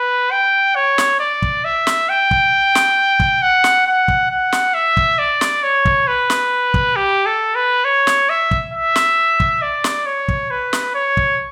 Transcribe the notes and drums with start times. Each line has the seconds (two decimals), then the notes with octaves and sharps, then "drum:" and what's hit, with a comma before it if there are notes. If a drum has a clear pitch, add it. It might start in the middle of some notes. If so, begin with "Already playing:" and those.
Already playing: B4
0.31 G5
0.75 C#5
0.98 drum: snare
1.20 D5
1.42 drum: kick
1.65 E5
1.87 drum: snare
2.09 G5
2.31 drum: kick
2.75 drum: snare
3.20 drum: kick
3.42 F#5
3.64 drum: snare
3.86 F#5
4.08 drum: kick
4.31 F#5
4.52 drum: snare
4.74 E5
4.97 drum: kick
5.18 D5
5.41 drum: snare
5.63 C#5
5.85 drum: kick
6.08 B4
6.30 drum: snare
6.74 drum: kick
6.96 G4
7.26 A4
7.55 B4
7.85 C#5
8.07 drum: snare
8.29 E5
8.51 drum: kick
8.74 E5
8.96 drum: snare
9.40 drum: kick
9.62 D5
9.84 drum: snare
10.06 C#5
10.28 drum: kick
10.51 B4
10.73 drum: snare
10.95 C#5
11.17 drum: kick